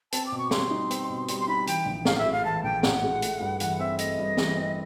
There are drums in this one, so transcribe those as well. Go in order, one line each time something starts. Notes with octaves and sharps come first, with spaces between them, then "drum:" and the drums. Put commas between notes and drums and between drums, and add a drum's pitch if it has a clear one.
C4 A5, drum: hi-hat
D6
B2
C#6
G3 C6, drum: snare
D#4
C4, drum: hi-hat
B2
G3 C6, drum: hi-hat
C6
D#4 B5
E3 G5, drum: hi-hat
A#1
A2 F5, drum: snare
E5
G#3
F5
E3 A5
A#1 G5
A2 F#5, drum: snare
G#3
A3, drum: hi-hat
G2
E3 F#5, drum: hi-hat
C4 E5
A3 D#5, drum: hi-hat
G2
E3, drum: snare
C4